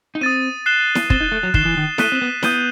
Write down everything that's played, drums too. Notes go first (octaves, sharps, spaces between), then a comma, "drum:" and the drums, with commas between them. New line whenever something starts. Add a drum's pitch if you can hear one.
D#4
C4 D#6 A6 D#7
F#6 C7 E7 G7
drum: snare E4
C4 A6 E7 G7, drum: kick
D#4
A3
F#3
D#3 F#6 C7 E7 G7, drum: kick
E3
D#3
A3 D#6 F#6 B6 D#7 G7, drum: snare E4
C4
B3
B3 D#6 G6 D#7 G7, drum: snare E4